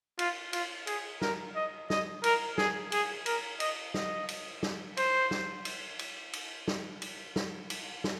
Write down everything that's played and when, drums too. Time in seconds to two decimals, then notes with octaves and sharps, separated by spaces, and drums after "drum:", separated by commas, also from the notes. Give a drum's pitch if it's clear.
0.19 F4, drum: cymbal
0.53 F4, drum: cymbal
0.87 G#4, drum: cymbal
1.21 A#4, drum: snare
1.55 D#5
1.90 D#5, drum: snare
2.24 A#4, drum: cymbal
2.58 G#4, drum: snare
2.92 G#4, drum: cymbal
3.26 A#4, drum: cymbal
3.60 D#5, drum: cymbal
3.94 D#5, drum: snare
4.29 drum: cymbal
4.63 drum: snare
4.97 C5, drum: cymbal
5.31 drum: snare
5.65 drum: cymbal
5.99 drum: cymbal
6.33 drum: cymbal
6.68 drum: snare
7.02 drum: cymbal
7.36 drum: snare
7.70 drum: cymbal
8.04 drum: snare